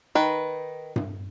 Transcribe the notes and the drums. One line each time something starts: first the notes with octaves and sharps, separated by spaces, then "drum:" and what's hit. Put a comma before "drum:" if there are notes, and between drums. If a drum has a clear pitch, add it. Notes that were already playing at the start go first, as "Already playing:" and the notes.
D#3 B4
drum: tom G2